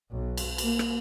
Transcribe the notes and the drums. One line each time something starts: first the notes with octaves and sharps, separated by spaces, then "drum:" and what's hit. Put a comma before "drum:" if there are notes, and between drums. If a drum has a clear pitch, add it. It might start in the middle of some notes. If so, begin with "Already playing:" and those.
B1
drum: cymbal
A#3, drum: cymbal
drum: rim click